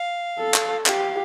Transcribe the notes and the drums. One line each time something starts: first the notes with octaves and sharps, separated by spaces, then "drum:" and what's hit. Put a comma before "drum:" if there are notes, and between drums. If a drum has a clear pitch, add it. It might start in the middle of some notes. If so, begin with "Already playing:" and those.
Already playing: F5
A4
drum: clap
G4 F5, drum: clap